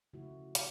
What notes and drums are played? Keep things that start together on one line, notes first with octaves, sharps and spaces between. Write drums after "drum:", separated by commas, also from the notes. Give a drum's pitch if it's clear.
C#3 F3 A3 E4 F#4
B2, drum: hi-hat